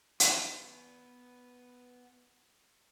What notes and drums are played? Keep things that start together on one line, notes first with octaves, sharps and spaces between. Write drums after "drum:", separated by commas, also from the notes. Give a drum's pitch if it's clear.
B3 G#5, drum: hi-hat